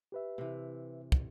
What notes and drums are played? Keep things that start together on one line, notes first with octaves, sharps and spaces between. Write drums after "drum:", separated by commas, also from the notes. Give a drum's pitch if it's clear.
G4 B4 E5
C3 E3
drum: kick